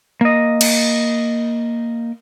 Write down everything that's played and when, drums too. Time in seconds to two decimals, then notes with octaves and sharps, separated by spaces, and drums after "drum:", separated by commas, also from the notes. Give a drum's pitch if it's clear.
0.21 A#3 D#5
0.61 drum: cymbal